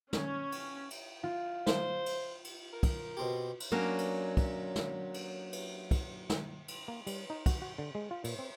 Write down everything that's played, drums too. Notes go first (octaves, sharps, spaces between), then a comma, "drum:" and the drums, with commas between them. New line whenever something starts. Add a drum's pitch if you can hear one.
C#4, drum: snare
drum: cymbal
drum: cymbal
F4
C5, drum: snare
drum: cymbal
drum: cymbal
A#4
drum: kick, cymbal
B2 C4 G4
drum: cymbal
F#3 A#3 C#4 D4
drum: cymbal
drum: kick, cymbal
drum: snare
drum: cymbal
drum: cymbal
drum: kick, cymbal
drum: snare
drum: cymbal
A#3
G3, drum: cymbal
D#4
F#4, drum: kick, cymbal
F#4
D3
G#3
F4
A#2, drum: cymbal
C4